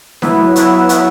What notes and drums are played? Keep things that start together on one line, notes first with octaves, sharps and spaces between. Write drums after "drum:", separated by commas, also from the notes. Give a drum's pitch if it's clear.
F#3 B3 E4, drum: snare D4
F#3 B3 E4, drum: hi-hat
F#3 B3 E4, drum: hi-hat